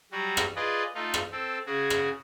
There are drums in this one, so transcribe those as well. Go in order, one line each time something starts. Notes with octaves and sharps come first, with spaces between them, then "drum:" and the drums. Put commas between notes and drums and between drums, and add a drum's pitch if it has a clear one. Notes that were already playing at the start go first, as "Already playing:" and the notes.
F#3 G3 F#4
drum: rim click
F4 G#4 B4 D5 D#5
A3 D#4 F4
drum: rim click
C4 A4
C#3 F#4 G#4
drum: rim click